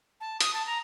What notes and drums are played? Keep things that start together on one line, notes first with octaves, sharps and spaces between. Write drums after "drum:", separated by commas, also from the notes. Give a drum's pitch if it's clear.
A5
D#6, drum: hi-hat
A5
A#5